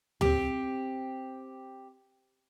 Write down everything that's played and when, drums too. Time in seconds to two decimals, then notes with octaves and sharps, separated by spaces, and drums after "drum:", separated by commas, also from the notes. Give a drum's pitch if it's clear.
0.21 C4 G4, drum: tom